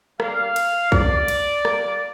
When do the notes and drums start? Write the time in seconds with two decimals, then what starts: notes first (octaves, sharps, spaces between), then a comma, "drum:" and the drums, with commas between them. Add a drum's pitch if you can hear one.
0.20 G2 G3 A#3 F5, drum: rim click
0.56 drum: cymbal
0.92 C3 F3 A#3 D5, drum: kick B1
1.28 drum: cymbal
1.65 A#2 G3 A#3, drum: rim click